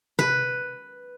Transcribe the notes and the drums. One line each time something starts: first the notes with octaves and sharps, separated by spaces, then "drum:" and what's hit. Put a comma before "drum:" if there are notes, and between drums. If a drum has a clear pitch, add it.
B4, drum: tom C3